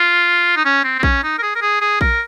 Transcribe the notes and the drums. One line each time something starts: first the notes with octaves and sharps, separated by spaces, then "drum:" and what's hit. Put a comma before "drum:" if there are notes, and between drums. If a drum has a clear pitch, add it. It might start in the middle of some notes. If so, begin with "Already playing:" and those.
Already playing: F4
D#4
C#4
C4
C4
C#4, drum: kick A#1
D#4
A#4
G#4
A#4
G#4
G#4
A#4, drum: kick A#1